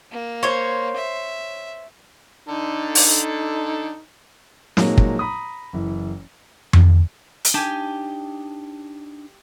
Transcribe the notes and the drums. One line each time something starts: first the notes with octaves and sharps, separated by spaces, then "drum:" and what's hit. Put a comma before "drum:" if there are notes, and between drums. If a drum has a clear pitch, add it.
A#3
C5 C#5
E5
D3 D#4 A4
drum: open hi-hat
A#2 F3 F#3 G#3 A#3 D#4, drum: snare
drum: kick
A#5 B5 D#6
F#1 E3
drum: tom F2
drum: hi-hat
D4 D#4 G4 G#5 A5